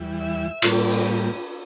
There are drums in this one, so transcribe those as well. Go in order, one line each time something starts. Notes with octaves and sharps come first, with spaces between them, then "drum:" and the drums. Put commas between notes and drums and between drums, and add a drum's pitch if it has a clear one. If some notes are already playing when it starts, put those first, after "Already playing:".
Already playing: E2 E3 G3
E5
A2 G3 A#3 D5, drum: cymbal
drum: open hi-hat